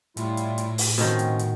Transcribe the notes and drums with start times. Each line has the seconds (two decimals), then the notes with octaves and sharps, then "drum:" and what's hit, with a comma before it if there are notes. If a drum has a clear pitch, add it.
0.17 A2 G3 E4 F4, drum: hi-hat
0.37 drum: hi-hat
0.58 drum: hi-hat
0.78 drum: open hi-hat
0.98 B2 D#3 F3 C4 C#4
1.19 drum: hi-hat
1.39 drum: hi-hat